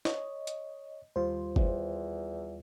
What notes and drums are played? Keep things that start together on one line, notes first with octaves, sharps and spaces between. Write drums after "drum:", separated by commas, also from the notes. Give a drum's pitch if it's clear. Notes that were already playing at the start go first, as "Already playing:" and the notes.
C#5 D#5, drum: snare
drum: hi-hat
D#2 G3 F4 C5
E2, drum: kick F#1